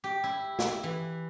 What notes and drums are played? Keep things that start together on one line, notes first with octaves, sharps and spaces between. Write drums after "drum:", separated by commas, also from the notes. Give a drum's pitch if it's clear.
G4
E4
E4, drum: snare
E3